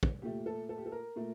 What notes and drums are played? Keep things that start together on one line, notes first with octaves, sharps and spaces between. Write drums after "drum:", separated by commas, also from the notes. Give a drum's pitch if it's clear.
drum: kick
A#2 A3 G4
A4
A4
G4
A4
A#4
A#2 A3